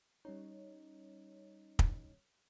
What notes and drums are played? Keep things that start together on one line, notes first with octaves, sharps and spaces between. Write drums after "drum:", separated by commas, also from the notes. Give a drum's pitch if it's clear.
G3 C#4 D#4 C#5
drum: kick